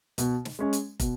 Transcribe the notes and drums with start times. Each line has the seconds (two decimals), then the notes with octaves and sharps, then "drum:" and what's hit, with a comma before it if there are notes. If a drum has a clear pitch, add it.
0.18 B2, drum: hi-hat
0.45 drum: snare
0.59 G#3 C#4
0.73 drum: hi-hat
1.00 B2, drum: kick, hi-hat